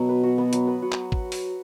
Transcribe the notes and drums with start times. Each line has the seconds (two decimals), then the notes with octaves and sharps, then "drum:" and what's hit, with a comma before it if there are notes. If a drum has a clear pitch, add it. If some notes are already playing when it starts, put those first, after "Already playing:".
Already playing: B2 F#3
0.09 B4
0.23 F#4
0.38 B3
0.53 F#3, drum: hi-hat
0.67 B4
0.82 F#4
0.92 drum: clap
1.12 drum: kick
1.32 drum: open hi-hat